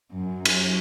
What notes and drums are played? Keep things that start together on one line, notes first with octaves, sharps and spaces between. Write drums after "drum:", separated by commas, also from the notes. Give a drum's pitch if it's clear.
F#2
drum: cymbal